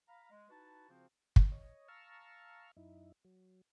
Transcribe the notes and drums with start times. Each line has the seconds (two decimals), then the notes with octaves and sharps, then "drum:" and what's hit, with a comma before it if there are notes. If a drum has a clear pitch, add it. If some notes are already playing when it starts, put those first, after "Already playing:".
0.08 F5 A#5 B5
0.30 G#3
0.49 D#4 E4 F#4 B4 A5
0.89 C#3 F3 C4 F4 F#4 C5
1.36 drum: kick
1.52 C#5 D#5
1.88 F5 A5 A#5 C#6 E6 F6
2.77 F#2 D#4 E4
3.25 F#3